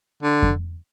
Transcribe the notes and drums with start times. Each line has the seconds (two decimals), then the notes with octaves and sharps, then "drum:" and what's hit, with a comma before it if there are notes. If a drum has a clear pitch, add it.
0.23 D3
0.42 drum: kick F2